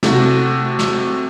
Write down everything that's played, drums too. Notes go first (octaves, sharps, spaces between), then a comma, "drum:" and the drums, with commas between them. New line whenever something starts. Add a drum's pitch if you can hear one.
C3 A3 F#4, drum: snare
drum: snare